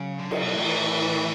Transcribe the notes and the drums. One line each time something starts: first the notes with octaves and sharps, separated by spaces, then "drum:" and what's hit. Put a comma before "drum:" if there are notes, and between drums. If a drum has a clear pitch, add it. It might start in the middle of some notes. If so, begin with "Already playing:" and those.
Already playing: C#3 F#3
D3
C#3, drum: cymbal
B2
A2 E3